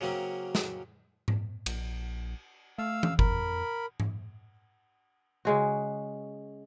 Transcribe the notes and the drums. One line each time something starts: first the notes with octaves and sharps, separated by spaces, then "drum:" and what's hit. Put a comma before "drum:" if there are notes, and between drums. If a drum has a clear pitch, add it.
C#3 F#3 A#3 C4 C#4
drum: snare
drum: tom G#2
A#1, drum: cymbal
A3 F5 E6
drum: tom E3
F2 A#4 B5, drum: kick G1
drum: tom G#2
C#3 G#3 F#4